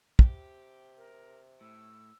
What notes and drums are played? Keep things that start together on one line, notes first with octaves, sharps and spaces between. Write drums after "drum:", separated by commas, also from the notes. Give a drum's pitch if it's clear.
C3 G4, drum: kick
A#4
A2 E6